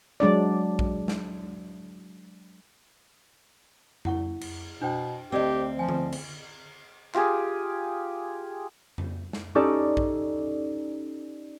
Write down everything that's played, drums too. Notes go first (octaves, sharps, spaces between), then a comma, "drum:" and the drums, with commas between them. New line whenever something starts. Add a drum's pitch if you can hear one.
F#3 G#3 D4 D5
drum: kick A#1
drum: snare
E4 F#5 C#6, drum: tom F2
drum: cymbal
B2 D4 C5 G5
D2 C4 G4 A#4 D5 D#5
F3 G#5
drum: tom D3
drum: cymbal
F4 G4 G#4, drum: clap
drum: tom F2
drum: snare
C#4 D#4 G4 A4 D5
drum: kick A#1